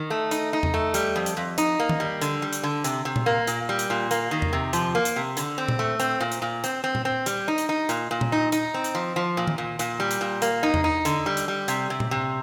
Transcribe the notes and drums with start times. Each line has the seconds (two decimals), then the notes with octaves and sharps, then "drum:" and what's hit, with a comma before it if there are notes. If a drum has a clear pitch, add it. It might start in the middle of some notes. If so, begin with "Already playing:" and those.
Already playing: D#3
0.10 A3
0.31 D#4, drum: hi-hat
0.53 D#4
0.63 drum: tom E2
0.74 A3
0.94 G3, drum: hi-hat
1.16 F2
1.26 drum: hi-hat
1.37 F2
1.58 D#4, drum: hi-hat
1.80 A#3
1.89 drum: tom D#3
2.00 G3
2.22 D3, drum: hi-hat
2.42 G3
2.53 drum: hi-hat
2.63 D3
2.84 C3, drum: hi-hat
3.05 C3
3.16 drum: tom A#2
3.26 A#3
3.47 A#2, drum: hi-hat
3.69 G3
3.79 drum: hi-hat
3.90 A#2
4.11 A#3, drum: hi-hat
4.31 D#3
4.42 drum: tom E2
4.53 C3
4.73 F3, drum: hi-hat
4.95 A#3
5.05 drum: hi-hat
5.16 C3
5.37 D3, drum: hi-hat
5.58 C4
5.68 drum: tom A#2
5.79 A3
6.00 C4, drum: hi-hat
6.21 A#2
6.32 drum: hi-hat
6.42 A#2
6.64 C4, drum: hi-hat
6.84 C4
6.95 drum: tom A#2
7.05 C4
7.26 G3, drum: hi-hat
7.48 D#4
7.58 drum: hi-hat
7.69 D#4
7.89 A#2, drum: hi-hat
8.11 A#2
8.21 drum: tom A#2
8.32 D#4
8.52 D#4, drum: hi-hat
8.74 C4
8.84 drum: hi-hat
8.95 F3
9.16 F3
9.37 A#2
9.47 drum: tom D#3
9.58 A#2
9.79 A#2, drum: hi-hat
10.00 G3
10.11 drum: hi-hat
10.21 A#2
10.42 A#3, drum: hi-hat
10.63 D#4
10.74 drum: tom E2
10.84 D#4
11.05 D3, drum: hi-hat
11.26 G3
11.37 drum: hi-hat
11.48 G3
11.68 C3, drum: hi-hat
11.90 C3
12.00 drum: tom A#2
12.11 C3